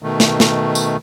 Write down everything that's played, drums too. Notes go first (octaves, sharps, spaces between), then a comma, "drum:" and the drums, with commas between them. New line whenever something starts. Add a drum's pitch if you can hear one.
B2 D#3 A3
drum: snare
drum: snare
drum: tambourine